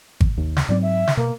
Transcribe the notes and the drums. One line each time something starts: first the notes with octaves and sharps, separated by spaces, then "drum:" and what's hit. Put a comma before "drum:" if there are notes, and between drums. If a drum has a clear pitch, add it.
drum: kick G#1
D#2
drum: snare
G#2 F#3 C4 D5
E5
drum: snare
B2 A#3